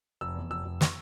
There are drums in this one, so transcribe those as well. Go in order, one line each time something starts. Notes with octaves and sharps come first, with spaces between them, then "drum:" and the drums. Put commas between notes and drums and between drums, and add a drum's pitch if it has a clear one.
F1 E6
E2
F1 E6
F1
C#6, drum: snare